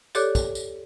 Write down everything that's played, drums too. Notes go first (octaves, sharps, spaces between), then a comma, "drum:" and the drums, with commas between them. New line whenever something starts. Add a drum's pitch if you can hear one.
G4 A4 C#5 D5 D6 F#6, drum: tambourine
drum: kick, tambourine
drum: tambourine